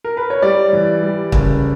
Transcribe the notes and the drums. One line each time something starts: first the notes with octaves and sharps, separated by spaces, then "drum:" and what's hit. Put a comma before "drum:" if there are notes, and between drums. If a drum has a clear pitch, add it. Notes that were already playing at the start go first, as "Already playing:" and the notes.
A#4
B4
C#5
G3 D5
E3
G3
F#1, drum: kick